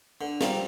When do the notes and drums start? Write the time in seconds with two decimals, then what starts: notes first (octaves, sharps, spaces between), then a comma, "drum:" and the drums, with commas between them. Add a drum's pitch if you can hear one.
0.21 D3
0.41 G3 C4 F4 A#4, drum: snare